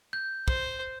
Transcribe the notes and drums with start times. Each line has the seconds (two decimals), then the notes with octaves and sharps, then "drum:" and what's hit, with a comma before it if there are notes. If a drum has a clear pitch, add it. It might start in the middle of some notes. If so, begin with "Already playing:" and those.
0.13 G6
0.48 C5, drum: kick